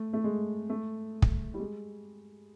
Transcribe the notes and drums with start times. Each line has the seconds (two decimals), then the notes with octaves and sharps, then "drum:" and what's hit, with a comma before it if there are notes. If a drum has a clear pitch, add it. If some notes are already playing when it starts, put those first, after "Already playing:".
Already playing: A3
0.13 A3
0.24 G#3
0.70 A3
1.22 drum: kick
1.54 G3
1.60 G#3